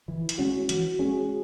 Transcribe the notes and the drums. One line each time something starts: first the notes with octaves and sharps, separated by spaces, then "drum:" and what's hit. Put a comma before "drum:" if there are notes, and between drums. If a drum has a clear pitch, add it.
E3 E4
drum: hi-hat
G#3 C#4 F#4
E3 F#4, drum: hi-hat
G#3 C#4 G#4